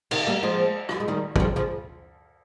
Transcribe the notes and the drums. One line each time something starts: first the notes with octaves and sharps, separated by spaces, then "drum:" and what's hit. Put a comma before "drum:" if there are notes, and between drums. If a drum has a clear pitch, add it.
C3 D#3, drum: cymbal
G3 A#3
F3 G#3
drum: rim click
G#3
D#3 G3
G3, drum: kick
C#3 F3
C#3 F3